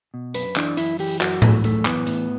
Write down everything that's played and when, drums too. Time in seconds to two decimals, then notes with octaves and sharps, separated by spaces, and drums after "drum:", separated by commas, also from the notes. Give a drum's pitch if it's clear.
0.14 B2
0.34 F#2 B4, drum: hi-hat
0.56 E3 D4, drum: clap
0.77 F#2 E4, drum: hi-hat
0.99 E3 G4, drum: open hi-hat
1.21 F#2 F#4, drum: clap
1.42 E3 A3, drum: tom A2
1.64 F#2 A3, drum: hi-hat
1.85 E3 B3, drum: clap
2.07 A2, drum: hi-hat